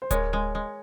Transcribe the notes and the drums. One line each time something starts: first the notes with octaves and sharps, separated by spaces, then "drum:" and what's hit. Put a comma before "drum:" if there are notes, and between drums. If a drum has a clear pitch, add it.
C5
G#3 A#4 C#5, drum: kick D1, hi-hat
G#3
G#3